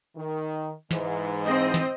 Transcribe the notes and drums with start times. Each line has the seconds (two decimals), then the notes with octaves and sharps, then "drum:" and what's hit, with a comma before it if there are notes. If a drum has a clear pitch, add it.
0.16 D#3
0.91 G#2 E3, drum: snare
1.44 C4 D#5
1.74 drum: snare